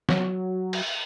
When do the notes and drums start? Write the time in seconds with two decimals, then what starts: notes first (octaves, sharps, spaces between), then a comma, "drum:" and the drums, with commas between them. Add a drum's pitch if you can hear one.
0.09 F#3, drum: snare
0.73 drum: cymbal